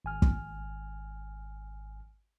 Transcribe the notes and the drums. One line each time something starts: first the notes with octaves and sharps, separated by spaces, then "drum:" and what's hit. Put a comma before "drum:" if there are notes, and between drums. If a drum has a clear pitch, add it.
G#1 G#5 F6
drum: kick